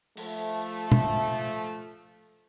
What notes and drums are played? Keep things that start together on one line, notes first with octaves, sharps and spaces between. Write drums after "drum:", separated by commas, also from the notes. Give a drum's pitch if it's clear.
F3 A3, drum: open hi-hat
drum: tom